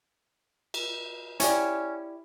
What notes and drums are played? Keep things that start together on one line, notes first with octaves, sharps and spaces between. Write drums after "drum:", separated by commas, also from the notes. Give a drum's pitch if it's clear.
drum: cymbal
C#4 E4 G4 D5, drum: hi-hat